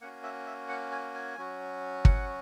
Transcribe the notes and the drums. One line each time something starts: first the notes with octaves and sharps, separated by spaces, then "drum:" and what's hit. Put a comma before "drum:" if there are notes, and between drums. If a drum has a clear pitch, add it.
A#3 C#4 F#4 F#5
E5
E5
F#5
G#5
G#5
F#3 C#4 F#4
F#5, drum: kick